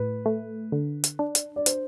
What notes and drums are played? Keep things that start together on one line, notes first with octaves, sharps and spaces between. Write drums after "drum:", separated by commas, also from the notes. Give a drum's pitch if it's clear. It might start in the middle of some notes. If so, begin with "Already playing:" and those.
Already playing: A2 B4
A3
D3
drum: hi-hat
D4
drum: hi-hat
D5
C5, drum: hi-hat